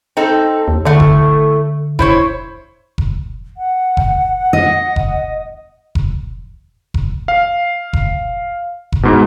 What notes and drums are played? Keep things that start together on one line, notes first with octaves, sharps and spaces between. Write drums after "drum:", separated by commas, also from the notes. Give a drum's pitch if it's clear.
C4 D#4 A4
D#2
A2 D3 A3
drum: kick F1
E4 C5 C#5, drum: kick F1
drum: kick F1
F#5
drum: kick F1
D#5
drum: kick F1
drum: kick F1
drum: kick F1
F5
drum: kick F1
drum: kick F1
G#2 B2